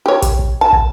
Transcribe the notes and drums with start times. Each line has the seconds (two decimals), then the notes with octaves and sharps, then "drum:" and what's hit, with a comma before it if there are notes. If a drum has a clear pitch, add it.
0.06 G4 C#5
0.22 drum: kick, hi-hat
0.39 drum: kick
0.61 A5
0.73 drum: kick